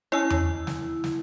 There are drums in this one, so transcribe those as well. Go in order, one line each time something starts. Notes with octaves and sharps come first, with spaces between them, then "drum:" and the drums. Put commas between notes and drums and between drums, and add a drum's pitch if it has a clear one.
C#4 E4 C#5 D#5 E6
drum: tom E2
drum: snare
drum: snare